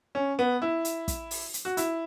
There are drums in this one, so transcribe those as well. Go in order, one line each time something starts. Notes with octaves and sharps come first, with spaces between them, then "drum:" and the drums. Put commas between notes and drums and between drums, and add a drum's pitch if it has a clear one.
C#4
B3
E4
drum: hi-hat
drum: kick, hi-hat
drum: open hi-hat
drum: hi-hat
F#4
E4, drum: hi-hat